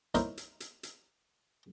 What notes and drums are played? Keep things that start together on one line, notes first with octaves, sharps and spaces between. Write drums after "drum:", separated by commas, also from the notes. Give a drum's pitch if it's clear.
D#4 E4 A#4 C5 C#5, drum: hi-hat
drum: hi-hat
drum: hi-hat
drum: hi-hat